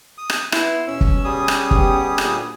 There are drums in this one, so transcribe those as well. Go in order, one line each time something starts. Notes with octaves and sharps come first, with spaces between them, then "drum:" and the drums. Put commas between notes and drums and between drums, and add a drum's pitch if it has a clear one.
D#6
drum: rim click
B3 E4 C6, drum: rim click
D#2 B2 C#4 E6
drum: kick
G3 G#4 D#6
drum: rim click
B3 G4, drum: kick
D2 A#2, drum: rim click